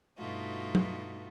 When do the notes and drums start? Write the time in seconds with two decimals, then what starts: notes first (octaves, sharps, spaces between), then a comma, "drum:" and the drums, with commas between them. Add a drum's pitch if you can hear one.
0.18 G2 B2 A3 D#4 F4 F#4
0.75 drum: tom